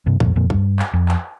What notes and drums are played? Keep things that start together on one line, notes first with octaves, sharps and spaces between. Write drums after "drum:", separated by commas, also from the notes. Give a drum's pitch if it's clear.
G2 C3
F2 A#2, drum: kick
F2 A#2
G2, drum: kick
drum: clap
F2
drum: clap